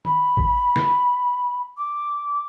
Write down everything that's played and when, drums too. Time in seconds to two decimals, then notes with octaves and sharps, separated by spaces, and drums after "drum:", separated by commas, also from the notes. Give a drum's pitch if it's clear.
0.05 B5, drum: tom
0.37 drum: kick
0.76 drum: snare
1.77 D6